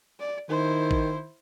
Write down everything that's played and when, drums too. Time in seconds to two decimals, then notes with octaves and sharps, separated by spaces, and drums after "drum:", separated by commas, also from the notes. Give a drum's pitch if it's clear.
0.20 D5
0.50 D#3 E4 C5
0.91 drum: kick A1